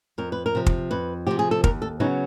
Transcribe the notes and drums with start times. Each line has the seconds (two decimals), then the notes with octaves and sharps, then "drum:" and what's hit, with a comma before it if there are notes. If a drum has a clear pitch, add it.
0.18 F2 A#4
0.32 B4
0.46 A#4
0.55 C3 F3
0.66 drum: kick
0.91 F2 B4
1.27 C3 F3 G4
1.39 G#4
1.51 A4
1.64 D#2 A#4, drum: kick
1.82 A4
2.00 C#3 F#3 B3 D#4